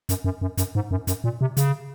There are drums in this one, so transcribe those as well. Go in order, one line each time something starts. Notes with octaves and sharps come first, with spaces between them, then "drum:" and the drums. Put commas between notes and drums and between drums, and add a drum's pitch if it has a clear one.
F#2, drum: hi-hat
F#2
F#2
F#2, drum: hi-hat
G#2
F#2
F#2, drum: hi-hat
A#2
C3
C#3, drum: hi-hat